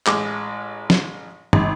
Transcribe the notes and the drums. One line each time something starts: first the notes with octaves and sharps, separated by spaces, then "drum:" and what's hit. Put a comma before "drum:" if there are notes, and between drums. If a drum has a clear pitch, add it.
A1 G#3 D6, drum: clap
drum: snare
G#1, drum: tom